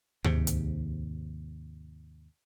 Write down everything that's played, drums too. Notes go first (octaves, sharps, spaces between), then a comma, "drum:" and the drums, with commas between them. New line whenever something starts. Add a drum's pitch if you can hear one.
D#2 G#2 C3, drum: tom D2
drum: hi-hat